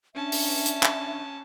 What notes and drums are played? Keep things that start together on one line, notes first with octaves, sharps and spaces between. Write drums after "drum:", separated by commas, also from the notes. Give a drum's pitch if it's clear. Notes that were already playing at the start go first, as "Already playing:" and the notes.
C#4 D4 E5 A5
drum: open hi-hat
drum: hi-hat
drum: clap